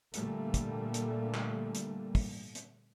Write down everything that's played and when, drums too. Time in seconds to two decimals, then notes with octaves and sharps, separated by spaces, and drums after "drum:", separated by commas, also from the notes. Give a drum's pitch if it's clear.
0.14 A#2 D3 G3 A3 A#3, drum: hi-hat
0.54 drum: kick, hi-hat
0.94 drum: hi-hat
1.34 drum: clap
1.75 drum: hi-hat
2.15 drum: kick, open hi-hat
2.55 drum: hi-hat